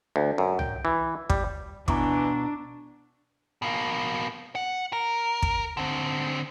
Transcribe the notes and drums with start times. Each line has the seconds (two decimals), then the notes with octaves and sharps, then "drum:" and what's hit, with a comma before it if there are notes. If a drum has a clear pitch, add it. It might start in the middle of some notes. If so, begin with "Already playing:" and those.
0.16 D2
0.38 F#2
0.59 G5, drum: tom
0.85 E3
1.30 G3, drum: kick
1.88 B2 E3 D4 A#5 C#6 D6, drum: kick
3.62 B2 A#3
4.55 F#5
4.93 A#4
5.42 drum: kick
5.77 D3 C4